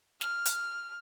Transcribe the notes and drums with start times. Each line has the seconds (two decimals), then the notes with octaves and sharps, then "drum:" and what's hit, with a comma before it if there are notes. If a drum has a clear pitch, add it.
0.21 F6, drum: snare
0.46 drum: hi-hat